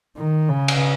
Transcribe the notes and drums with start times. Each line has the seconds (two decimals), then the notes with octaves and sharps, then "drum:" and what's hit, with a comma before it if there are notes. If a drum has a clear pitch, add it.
0.17 D#3
0.49 C#3
0.68 drum: cymbal